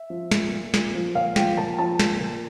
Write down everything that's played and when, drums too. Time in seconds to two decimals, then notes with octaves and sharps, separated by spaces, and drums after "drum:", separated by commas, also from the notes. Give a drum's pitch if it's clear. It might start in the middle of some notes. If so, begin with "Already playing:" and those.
Already playing: E5
0.10 F3
0.31 A#2, drum: snare
0.52 A#2
0.74 A#2, drum: snare
0.94 F3
1.15 A#2 F5
1.36 F3 G5, drum: snare
1.57 A#2 A5
1.78 F3 A5
1.99 A#2, drum: snare
2.21 A#2